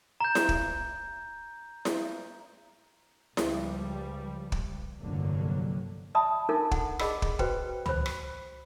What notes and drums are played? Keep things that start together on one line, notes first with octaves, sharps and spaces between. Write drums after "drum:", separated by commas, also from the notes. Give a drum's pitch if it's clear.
A#5 G6
drum: snare E4
drum: kick
drum: snare E4
C#2 F3 G3, drum: snare E4
drum: kick
F1 C2 G2 D3 F#3 A#3
D5 E5 A5 B5 D#6
D4 D#4 F4 A4 A#4 E5
F#5, drum: kick
G#4 D5 D#5 B5 E6, drum: rim click
drum: kick
F#4 B4 C5 G5, drum: kick
C5 B5, drum: tom C#2
drum: rim click